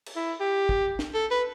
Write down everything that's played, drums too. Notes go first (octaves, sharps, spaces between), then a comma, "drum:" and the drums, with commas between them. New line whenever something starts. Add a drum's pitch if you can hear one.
drum: cymbal
E4
G4
drum: kick
drum: snare
A4
B4